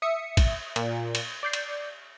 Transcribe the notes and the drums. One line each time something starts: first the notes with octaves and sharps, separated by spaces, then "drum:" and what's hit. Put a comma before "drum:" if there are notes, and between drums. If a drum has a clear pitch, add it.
E5 D#6 C#7
drum: kick, cymbal
A#2, drum: cymbal
drum: cymbal
D5 G6 C7
drum: cymbal